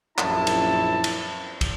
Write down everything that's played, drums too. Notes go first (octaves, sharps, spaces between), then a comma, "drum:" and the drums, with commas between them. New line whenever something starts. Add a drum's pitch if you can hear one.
A#1 F#2 E4 A5, drum: clap
drum: cymbal
drum: cymbal
drum: kick, cymbal